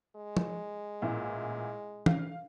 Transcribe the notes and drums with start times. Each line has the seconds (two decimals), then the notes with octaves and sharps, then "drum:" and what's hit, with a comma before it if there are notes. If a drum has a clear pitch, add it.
0.16 G#3
0.37 drum: tom
1.02 A1 A#2 E4
2.06 F5, drum: tom